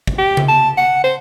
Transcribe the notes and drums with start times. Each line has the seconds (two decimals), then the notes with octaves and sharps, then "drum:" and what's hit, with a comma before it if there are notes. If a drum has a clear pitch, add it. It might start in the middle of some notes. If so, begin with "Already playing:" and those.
0.07 drum: kick
0.19 G4
0.37 drum: tom C#3
0.48 A5
0.78 F#5
1.04 C5